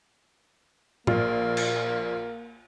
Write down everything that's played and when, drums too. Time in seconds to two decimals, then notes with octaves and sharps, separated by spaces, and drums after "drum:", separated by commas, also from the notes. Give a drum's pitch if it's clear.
1.07 A#1 A#3 F4, drum: tom A2
1.57 drum: cymbal